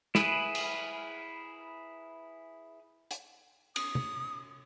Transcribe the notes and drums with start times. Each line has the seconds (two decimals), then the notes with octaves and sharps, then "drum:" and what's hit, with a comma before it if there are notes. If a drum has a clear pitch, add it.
0.15 E4 G#4 B4, drum: snare
0.55 drum: cymbal
3.11 drum: hi-hat
3.76 D#6, drum: cymbal
3.95 drum: tom